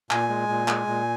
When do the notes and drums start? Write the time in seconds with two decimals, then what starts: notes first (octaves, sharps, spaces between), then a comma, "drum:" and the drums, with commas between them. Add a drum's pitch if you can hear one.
0.10 A#2 G#5, drum: clap
0.29 G#3
0.49 A#2
0.68 G#3, drum: clap
0.87 A#2